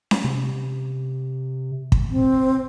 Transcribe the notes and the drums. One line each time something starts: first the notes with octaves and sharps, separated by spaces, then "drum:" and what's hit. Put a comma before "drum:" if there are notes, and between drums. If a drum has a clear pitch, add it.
drum: snare C#4
C3
drum: kick
C4